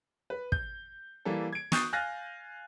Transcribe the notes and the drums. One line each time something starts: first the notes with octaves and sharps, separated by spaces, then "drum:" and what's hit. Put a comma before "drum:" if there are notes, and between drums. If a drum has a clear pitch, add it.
B4
G6, drum: kick
E3 G3 A#3 A4
G#6 D7
C#6 D#6 F#6 G6 A6 C7, drum: snare
F5 G#5 F6 F#6 A6 A#6